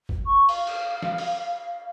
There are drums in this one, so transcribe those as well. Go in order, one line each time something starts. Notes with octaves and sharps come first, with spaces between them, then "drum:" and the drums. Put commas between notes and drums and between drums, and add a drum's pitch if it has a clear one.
drum: kick G1
C#6
F5, drum: open hi-hat
drum: cymbal
drum: snare
drum: open hi-hat